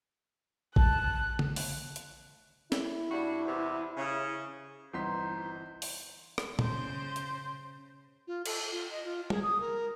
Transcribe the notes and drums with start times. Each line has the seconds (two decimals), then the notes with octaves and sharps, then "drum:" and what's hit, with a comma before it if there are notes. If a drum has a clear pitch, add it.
0.76 A5 F#6, drum: kick A1
1.39 drum: tom C#3
1.56 drum: open hi-hat
1.96 drum: hi-hat
2.72 E4, drum: snare
3.09 G2 D4 F#4
3.46 E2 C3 B4
3.97 C#3
4.94 G1 C2 E3 D#4 C5 C6 B6
5.82 drum: open hi-hat
6.38 drum: rim click
6.59 C#3 C5, drum: tom
7.16 drum: hi-hat
8.27 F4
8.46 A4, drum: cymbal
8.72 F4
8.91 D#5
9.04 F4
9.30 G#4, drum: tom
9.43 D#6
9.60 A#4